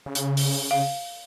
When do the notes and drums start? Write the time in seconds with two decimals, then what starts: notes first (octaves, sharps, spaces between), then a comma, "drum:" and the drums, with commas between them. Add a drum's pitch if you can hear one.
0.06 C#3
0.15 drum: hi-hat
0.37 drum: open hi-hat
0.71 F5